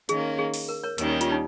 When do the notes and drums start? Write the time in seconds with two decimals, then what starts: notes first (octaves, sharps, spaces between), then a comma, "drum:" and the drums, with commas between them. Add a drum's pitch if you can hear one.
0.09 D#3 A#3 C#4 G#4, drum: hi-hat
0.39 G#4
0.54 drum: open hi-hat
0.69 A#4
0.84 A#4 C#5
0.98 D#2 D#3 G3 C#4 A#4, drum: hi-hat
1.10 G4
1.21 F4, drum: hi-hat
1.32 D#4